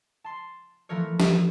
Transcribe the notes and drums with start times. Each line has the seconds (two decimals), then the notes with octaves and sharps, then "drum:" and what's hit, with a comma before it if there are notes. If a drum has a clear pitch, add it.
0.24 A5 C6
0.89 E3 F3 A3 A#4 C#5
1.20 drum: snare